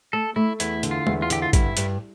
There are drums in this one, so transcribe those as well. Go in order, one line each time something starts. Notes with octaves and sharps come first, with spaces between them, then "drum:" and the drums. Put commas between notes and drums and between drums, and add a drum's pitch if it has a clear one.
A3 A4
A3 E4
E2 E4, drum: hi-hat
D3, drum: hi-hat
F4
E2, drum: tom G#3
F4
D3 G4, drum: hi-hat
F4
G2 E4, drum: kick, hi-hat
G2, drum: hi-hat